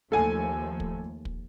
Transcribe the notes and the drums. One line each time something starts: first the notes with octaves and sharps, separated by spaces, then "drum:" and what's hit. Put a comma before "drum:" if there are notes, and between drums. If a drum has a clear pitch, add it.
D#2 F3 A3 A4 G#5
drum: kick
drum: kick